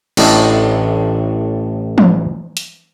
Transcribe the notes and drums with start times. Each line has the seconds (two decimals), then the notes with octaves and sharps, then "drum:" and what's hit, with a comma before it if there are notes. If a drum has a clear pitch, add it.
0.17 A1 A2 D4 A4 D#5, drum: cymbal
1.98 drum: tom
2.57 drum: hi-hat